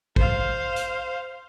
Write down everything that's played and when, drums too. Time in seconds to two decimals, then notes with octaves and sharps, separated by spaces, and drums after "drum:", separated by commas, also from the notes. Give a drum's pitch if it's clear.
0.16 C5 F5, drum: kick
0.76 drum: hi-hat